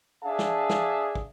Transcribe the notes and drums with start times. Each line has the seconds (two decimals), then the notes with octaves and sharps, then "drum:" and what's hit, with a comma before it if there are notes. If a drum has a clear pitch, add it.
0.24 D4 G#4 E5 F5 A5
0.39 drum: snare
0.69 drum: snare
1.15 drum: kick